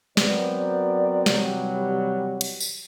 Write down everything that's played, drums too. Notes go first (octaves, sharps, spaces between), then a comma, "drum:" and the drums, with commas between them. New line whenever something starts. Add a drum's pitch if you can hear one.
F#3 B3 C4 A#4 D5, drum: snare
C3 E3 F#3 G3, drum: snare
drum: cymbal
drum: tambourine